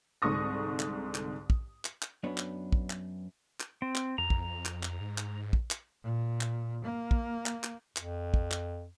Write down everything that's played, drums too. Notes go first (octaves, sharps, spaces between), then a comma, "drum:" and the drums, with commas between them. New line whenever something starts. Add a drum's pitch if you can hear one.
C2 G#2 D3 C#6 D#6 A#6
drum: clap
drum: clap
drum: kick
drum: clap
drum: clap
F#2 B3 D4 B4 C#5
drum: clap
drum: kick
drum: clap
drum: clap
C4
drum: clap
F2 A#5
drum: kick
drum: clap
drum: clap
G#2
drum: clap
drum: kick
drum: clap
A#2
drum: clap
A#3
drum: kick
drum: clap
drum: clap
F2, drum: clap
drum: kick
drum: clap